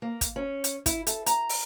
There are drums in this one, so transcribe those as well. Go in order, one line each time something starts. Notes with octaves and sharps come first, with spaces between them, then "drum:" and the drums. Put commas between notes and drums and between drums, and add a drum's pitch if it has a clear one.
A#3
drum: kick, hi-hat
C#4
drum: hi-hat
E4, drum: kick, hi-hat
A4, drum: hi-hat
A#5, drum: hi-hat
drum: open hi-hat